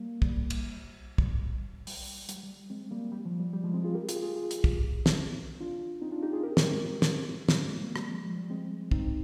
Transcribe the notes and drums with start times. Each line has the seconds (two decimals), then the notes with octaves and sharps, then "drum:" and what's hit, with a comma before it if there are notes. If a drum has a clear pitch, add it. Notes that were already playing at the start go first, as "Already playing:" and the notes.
Already playing: G3 A#3
0.22 G3, drum: kick
0.50 drum: cymbal
1.18 G3, drum: kick
1.87 G3, drum: open hi-hat
2.29 G3, drum: hi-hat
2.43 G3
2.70 G#3 C4
2.91 G3 A#3
3.12 G3
3.25 F3
3.40 G3
3.53 G3
3.64 F3 G#3
3.74 G#3 C4
3.84 F4 G#4
3.95 G4 A#4
4.09 F4 G#4, drum: hi-hat
4.16 G4
4.22 F4 G#4
4.36 F4 G#4
4.51 drum: hi-hat
4.64 drum: kick
5.06 drum: snare
5.60 D4 F4
6.02 C4 D#4
6.12 D4 F4
6.22 D#4 G4
6.33 F4 G#4
6.43 G4 A#4
6.57 G4 A#4, drum: snare
6.70 G#3 C4
7.02 drum: snare
7.49 drum: snare
7.68 G#3 C4
7.81 G3 A#3
7.96 G3, drum: rim click
8.08 F3 G#3
8.23 F3 G#3
8.36 G3
8.50 G#3 C4
8.91 C4 D#4, drum: kick